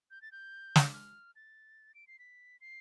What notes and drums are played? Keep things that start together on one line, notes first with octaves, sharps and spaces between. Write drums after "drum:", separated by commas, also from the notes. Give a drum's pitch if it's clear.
G6
A6
G6
drum: snare
F6
A6
D7
C7
B6
C7